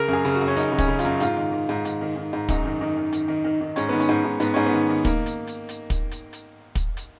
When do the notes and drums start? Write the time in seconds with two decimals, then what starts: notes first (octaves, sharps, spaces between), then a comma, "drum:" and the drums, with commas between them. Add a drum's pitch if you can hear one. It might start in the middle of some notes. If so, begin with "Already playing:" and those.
Already playing: C#3 A#4
0.08 F#2 G#4
0.25 C#3
0.35 F#4
0.41 F#2
0.48 C#4
0.56 F#2 D#4, drum: hi-hat
0.72 C#3
0.78 C#4, drum: kick, hi-hat
0.88 C#3
0.99 F4, drum: hi-hat
1.05 F#2
1.20 G#2 F4, drum: hi-hat
1.37 D#3
1.52 D#3
1.69 G#2
1.85 D#3, drum: hi-hat
2.01 D#3
2.16 D#3
2.33 G#2
2.49 F#2 D#4, drum: kick, hi-hat
2.65 D#3
2.81 D#3
2.97 D#3
3.13 D#3, drum: hi-hat
3.28 D#3
3.44 D#3
3.61 D#3
3.76 G#2 C#4, drum: hi-hat
3.89 D#3 B3
4.00 C#4, drum: hi-hat
4.09 G#2
4.25 G#2
4.40 G#2 B3, drum: hi-hat
4.54 G#2 C#4
4.66 B3
4.72 D#3
4.89 D#3
5.05 A#3, drum: kick, hi-hat
5.26 drum: hi-hat
5.47 drum: hi-hat
5.69 drum: hi-hat
5.90 drum: kick, hi-hat
6.11 drum: hi-hat
6.33 drum: hi-hat
6.75 drum: kick, hi-hat
6.97 drum: hi-hat